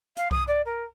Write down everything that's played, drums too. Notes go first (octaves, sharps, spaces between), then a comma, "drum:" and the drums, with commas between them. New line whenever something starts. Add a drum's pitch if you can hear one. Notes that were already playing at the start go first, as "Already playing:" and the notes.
F5, drum: hi-hat
D#6, drum: kick C2
D5
A#4